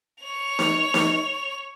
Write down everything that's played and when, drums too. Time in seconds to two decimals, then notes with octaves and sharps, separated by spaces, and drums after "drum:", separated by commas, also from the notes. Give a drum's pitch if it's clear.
0.23 C#5 F7
0.59 drum: snare D#4
0.94 drum: snare D#4